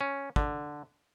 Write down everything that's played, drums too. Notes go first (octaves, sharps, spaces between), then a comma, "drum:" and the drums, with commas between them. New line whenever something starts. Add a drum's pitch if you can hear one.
C#4
D3, drum: kick